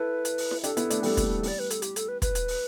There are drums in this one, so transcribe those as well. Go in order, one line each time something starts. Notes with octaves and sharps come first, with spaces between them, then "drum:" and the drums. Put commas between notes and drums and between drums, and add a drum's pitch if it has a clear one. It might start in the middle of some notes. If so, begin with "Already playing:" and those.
Already playing: E4 A4 B4
drum: hi-hat
drum: open hi-hat
drum: snare E4
D4 G4 A4, drum: hi-hat
B3 E4, drum: hi-hat
A3 D4, drum: hi-hat
G3 B3 A4, drum: open hi-hat
G3, drum: kick, hi-hat
A3
G3, drum: open hi-hat
D5
B4
A4, drum: hi-hat
G4, drum: hi-hat
A4, drum: hi-hat
B4
B4, drum: kick, hi-hat
drum: hi-hat
drum: open hi-hat